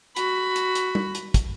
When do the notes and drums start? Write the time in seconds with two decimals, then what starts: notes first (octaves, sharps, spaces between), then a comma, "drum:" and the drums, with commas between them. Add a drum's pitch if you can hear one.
0.16 F#4 B5, drum: hi-hat
0.56 drum: hi-hat
0.75 drum: hi-hat
0.95 drum: tom G3
1.15 drum: hi-hat
1.34 drum: kick, hi-hat